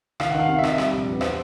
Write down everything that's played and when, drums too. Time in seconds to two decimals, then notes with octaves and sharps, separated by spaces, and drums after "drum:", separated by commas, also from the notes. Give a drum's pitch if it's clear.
0.20 D#3 F5, drum: rim click
0.30 F#5
0.35 D#3 F5
0.49 C3 F5
0.59 E5
0.64 C3 D#5, drum: rim click
0.78 G3, drum: rim click
0.93 A#1
1.08 E2 B4
1.21 C5, drum: rim click